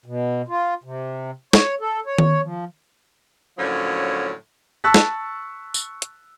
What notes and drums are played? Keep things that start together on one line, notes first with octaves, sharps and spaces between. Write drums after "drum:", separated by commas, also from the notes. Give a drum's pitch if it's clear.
B2
F4
C3
C#5, drum: snare
A4
C#5
drum: tom D#3
F3
A2 D3 F3 F#3 A#3 C#4
A5 C#6 E6 F#6 A6 B6
drum: snare
drum: tambourine
drum: hi-hat